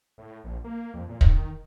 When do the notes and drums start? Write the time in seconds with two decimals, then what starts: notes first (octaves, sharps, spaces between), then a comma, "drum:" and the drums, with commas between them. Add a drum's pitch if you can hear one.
0.18 A2
0.44 A#1
0.64 A#3
0.94 F2
1.09 A#2
1.21 D#3, drum: kick